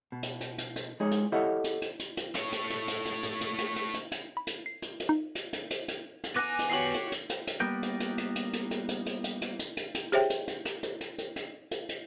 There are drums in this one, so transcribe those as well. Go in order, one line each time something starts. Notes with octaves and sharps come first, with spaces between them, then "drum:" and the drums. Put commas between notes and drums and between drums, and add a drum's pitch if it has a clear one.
B2
drum: hi-hat
drum: hi-hat
drum: hi-hat
drum: hi-hat
G#3 D#4 G#4 C#5
drum: hi-hat
E4 G4 A4 C#5 D#5 F#5
drum: hi-hat
drum: hi-hat
drum: hi-hat
drum: hi-hat
A3 C#5, drum: hi-hat
drum: hi-hat
drum: hi-hat
drum: hi-hat
drum: hi-hat
drum: hi-hat
drum: hi-hat
drum: hi-hat
drum: hi-hat
drum: hi-hat
drum: hi-hat
B5
drum: hi-hat
C7
drum: hi-hat
drum: hi-hat
D#4
drum: hi-hat
drum: hi-hat
drum: hi-hat
drum: hi-hat
drum: hi-hat
B3 G#5 D6 F#6 A#6
drum: hi-hat
F#4 G4 C#5 C7 F#7
drum: hi-hat
drum: hi-hat
drum: hi-hat
drum: hi-hat
G3 A#3 B3 A#4 G5
drum: hi-hat
drum: hi-hat
drum: hi-hat
drum: hi-hat
drum: hi-hat
drum: hi-hat
drum: hi-hat
drum: hi-hat
drum: hi-hat
drum: hi-hat
drum: hi-hat
drum: hi-hat
drum: hi-hat
G4 G#4 C5 C#5 E5 G5, drum: hi-hat
drum: hi-hat
drum: hi-hat
drum: hi-hat
drum: hi-hat
drum: hi-hat
drum: hi-hat
drum: hi-hat
drum: hi-hat
drum: hi-hat